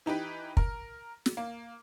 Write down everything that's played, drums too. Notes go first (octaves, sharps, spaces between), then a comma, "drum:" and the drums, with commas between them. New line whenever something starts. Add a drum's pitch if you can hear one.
E3 D#4 G4 B4
A#4, drum: kick
drum: snare
A#3